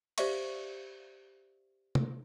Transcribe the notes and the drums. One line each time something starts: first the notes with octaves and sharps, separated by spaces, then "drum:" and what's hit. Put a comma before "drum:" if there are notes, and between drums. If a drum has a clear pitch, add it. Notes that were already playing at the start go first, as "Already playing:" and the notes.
G4 C5 D5 E5 F5 C#6, drum: cymbal
drum: tom